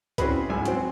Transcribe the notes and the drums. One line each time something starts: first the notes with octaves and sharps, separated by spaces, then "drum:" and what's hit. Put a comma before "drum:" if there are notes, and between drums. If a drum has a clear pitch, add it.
C4 C#4 E4 F#4 G#4 B4, drum: kick, hi-hat
G#1 C#2 G#5 E6
F#3 C4, drum: hi-hat